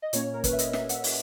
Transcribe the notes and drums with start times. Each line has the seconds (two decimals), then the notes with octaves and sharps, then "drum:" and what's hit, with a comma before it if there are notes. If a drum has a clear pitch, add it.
0.02 D#5
0.13 A#2 A#3 C#4 C#5, drum: hi-hat
0.34 A#4
0.44 B4, drum: kick, hi-hat
0.53 E5
0.59 D#5, drum: hi-hat
0.73 E5, drum: snare
0.89 F#5, drum: hi-hat
0.94 E5
1.04 drum: open hi-hat